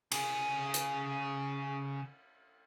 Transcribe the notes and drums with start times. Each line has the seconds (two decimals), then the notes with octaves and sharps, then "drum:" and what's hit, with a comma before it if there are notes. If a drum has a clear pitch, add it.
0.12 C#3 G#4, drum: cymbal
0.74 drum: hi-hat